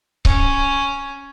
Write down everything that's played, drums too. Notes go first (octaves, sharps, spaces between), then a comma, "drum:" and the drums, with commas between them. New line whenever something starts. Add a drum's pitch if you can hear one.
C#4, drum: kick C#1